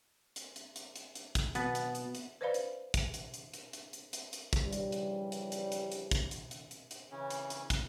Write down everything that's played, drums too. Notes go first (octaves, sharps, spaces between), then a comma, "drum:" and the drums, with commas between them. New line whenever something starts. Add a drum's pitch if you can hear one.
drum: hi-hat
drum: hi-hat
drum: hi-hat
drum: hi-hat
drum: hi-hat
drum: kick, hi-hat
B2 B3 F#5 D#6 A6, drum: hi-hat
drum: hi-hat
drum: hi-hat
drum: hi-hat
B4 C5 D5 D#5 F5 B5
drum: hi-hat
drum: kick, hi-hat
drum: hi-hat
drum: hi-hat
drum: hi-hat
drum: hi-hat
drum: hi-hat
drum: hi-hat
drum: hi-hat
drum: kick, hi-hat
G2 C#3 E3 F3 G3
drum: hi-hat
drum: hi-hat
drum: hi-hat
drum: hi-hat
drum: hi-hat
drum: hi-hat
drum: kick, hi-hat
drum: hi-hat
drum: hi-hat
drum: hi-hat
drum: hi-hat
C#3 E3 C#4
drum: hi-hat
drum: hi-hat
drum: kick, hi-hat